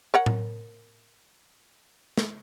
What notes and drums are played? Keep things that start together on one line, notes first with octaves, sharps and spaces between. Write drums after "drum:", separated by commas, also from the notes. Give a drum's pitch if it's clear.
A#4 C#5 F#5
drum: tom A2
drum: snare